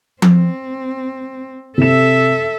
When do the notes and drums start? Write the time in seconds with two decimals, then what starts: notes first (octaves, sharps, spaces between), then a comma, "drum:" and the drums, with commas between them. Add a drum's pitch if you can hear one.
0.22 C4, drum: tom F3
1.78 C3 A4 E5 E7